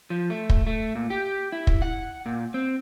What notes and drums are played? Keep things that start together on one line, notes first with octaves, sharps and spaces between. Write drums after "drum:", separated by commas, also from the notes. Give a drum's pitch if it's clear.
F3
A3
drum: kick
A3
A#2
G4
E4
drum: kick
F#5
A#2
C4